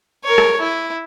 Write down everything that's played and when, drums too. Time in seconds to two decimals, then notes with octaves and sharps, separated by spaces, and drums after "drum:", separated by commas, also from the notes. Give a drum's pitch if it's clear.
0.25 A#4 C#5
0.38 drum: rim click
0.60 E4